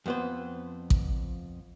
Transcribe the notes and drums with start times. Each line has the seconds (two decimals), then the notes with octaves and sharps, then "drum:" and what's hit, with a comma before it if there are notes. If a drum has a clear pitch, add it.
0.06 F2 B3 C5
0.90 drum: kick A1